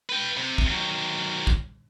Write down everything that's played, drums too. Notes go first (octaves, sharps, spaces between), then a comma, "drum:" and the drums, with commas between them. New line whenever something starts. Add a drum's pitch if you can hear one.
B4 G5
C3
drum: kick
D#3 F#3
drum: kick